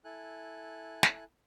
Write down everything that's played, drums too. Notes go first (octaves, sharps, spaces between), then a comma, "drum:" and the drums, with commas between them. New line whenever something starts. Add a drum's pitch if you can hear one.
E4 A4 G#5 F#6
drum: snare